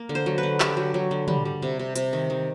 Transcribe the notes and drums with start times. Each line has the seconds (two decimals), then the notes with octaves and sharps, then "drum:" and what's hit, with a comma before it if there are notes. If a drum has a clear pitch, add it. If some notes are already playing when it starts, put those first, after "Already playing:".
Already playing: A#3
0.09 D3
0.15 C5
0.26 F#3
0.38 B4
0.43 D3
0.60 D3 G4, drum: clap
0.77 F#3
0.94 F#3
1.11 D3
1.28 G3, drum: tom
1.45 G3
1.62 C3
1.79 C3
1.96 C3, drum: hi-hat
2.13 D#3
2.30 D#3